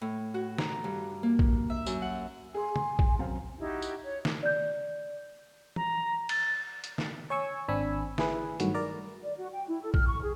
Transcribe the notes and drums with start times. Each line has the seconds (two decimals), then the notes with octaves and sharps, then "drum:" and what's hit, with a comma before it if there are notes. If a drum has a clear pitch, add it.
0.01 A2
0.34 F#4
0.58 A#5, drum: snare
0.84 G2
1.23 A#3
1.39 drum: kick A#1
1.70 E5
1.86 F#2, drum: tambourine
2.02 F#5
2.54 G#4 G#5 C6
2.76 C6, drum: tom
2.99 drum: kick A#1
3.19 F#2 C4 F5
3.59 D#4 E4 F#4 G4
3.82 drum: tambourine
4.05 C#5
4.25 drum: snare
4.43 D5 G6
5.76 A#5, drum: tom E3
6.29 A6, drum: cymbal
6.84 drum: hi-hat
6.98 drum: snare
7.30 C#5 G#5 C#6 E6
7.68 G#1 C4 D4 G#5 B5 E6
8.18 E4 G#4 B4, drum: snare
8.60 G2 D#3 F#3 A3 F#4, drum: hi-hat
8.74 A#4 D5 A#5
9.23 D5
9.38 F#4
9.53 G5
9.68 E4
9.82 A4
9.94 F6, drum: kick A#1
10.07 C#6
10.22 G#4